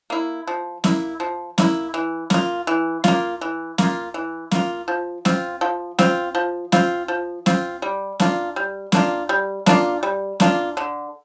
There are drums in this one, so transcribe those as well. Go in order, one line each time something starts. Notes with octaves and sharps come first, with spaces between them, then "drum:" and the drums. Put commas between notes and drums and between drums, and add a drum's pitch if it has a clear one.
A#3 E4
F3
A#3 E4, drum: snare
F3
A#3 E4, drum: snare
E3
A#3 F4, drum: snare
E3
A#3 F4, drum: snare
E3
A#3 F4, drum: snare
E3
A#3 F4, drum: snare
F3
C4 F4, drum: snare
F3
C4 F4, drum: snare
F3
C4 F4, drum: snare
F3
C4 F4, drum: snare
G3
A#3 D4 F4, drum: snare
G3
A#3 D4 F4, drum: snare
G3
A#3 D4 F4, drum: snare
G3
A#3 D4 F4, drum: snare
D3